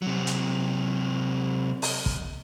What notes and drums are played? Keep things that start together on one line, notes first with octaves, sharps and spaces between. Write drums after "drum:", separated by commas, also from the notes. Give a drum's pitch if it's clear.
C3 F#3
drum: hi-hat
drum: open hi-hat
drum: kick